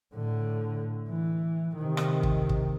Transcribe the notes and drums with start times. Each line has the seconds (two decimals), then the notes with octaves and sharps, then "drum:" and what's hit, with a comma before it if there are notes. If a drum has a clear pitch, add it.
0.15 A2 D3
1.10 E3
1.77 C3 D#3
1.97 drum: rim click
2.23 drum: kick
2.49 drum: kick